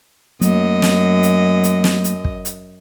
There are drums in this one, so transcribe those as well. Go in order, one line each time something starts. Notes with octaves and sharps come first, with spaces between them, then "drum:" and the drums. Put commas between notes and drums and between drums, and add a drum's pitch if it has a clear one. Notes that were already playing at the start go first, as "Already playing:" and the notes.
F#2 F#3 A3 A#3 D#5, drum: hi-hat
drum: snare
drum: hi-hat
drum: hi-hat
drum: snare
drum: hi-hat
drum: kick
drum: hi-hat